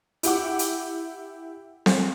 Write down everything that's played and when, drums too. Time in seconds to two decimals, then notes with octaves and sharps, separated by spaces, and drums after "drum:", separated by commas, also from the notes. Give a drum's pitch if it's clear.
0.23 E4 G4 F#5 D6, drum: hi-hat
0.59 drum: hi-hat
1.86 drum: snare C4